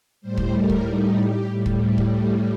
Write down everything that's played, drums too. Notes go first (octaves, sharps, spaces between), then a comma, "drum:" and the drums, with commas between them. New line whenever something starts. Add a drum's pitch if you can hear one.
A2 G3 C5
drum: kick
A#4
drum: kick
D#4
G4
A2 G3
drum: kick
drum: kick